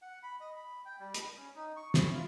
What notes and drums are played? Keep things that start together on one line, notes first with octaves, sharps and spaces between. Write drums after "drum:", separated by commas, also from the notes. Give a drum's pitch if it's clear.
F#5
B5
D#5
B5
G5
G3
B5, drum: hi-hat
C#4
D#4
C#6
E4, drum: snare
F4